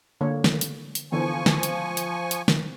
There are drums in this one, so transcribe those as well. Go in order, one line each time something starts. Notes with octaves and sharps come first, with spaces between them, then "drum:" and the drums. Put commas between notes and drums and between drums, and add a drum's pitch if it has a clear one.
D3 A#3 C#5
drum: snare
drum: hi-hat
drum: hi-hat
D3 E3 F3 B3 G#5 C#6
drum: snare
drum: hi-hat
drum: hi-hat
drum: hi-hat
drum: snare